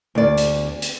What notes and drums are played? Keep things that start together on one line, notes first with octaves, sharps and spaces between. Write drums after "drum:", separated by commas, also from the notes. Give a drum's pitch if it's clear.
D2 D5
drum: hi-hat
drum: hi-hat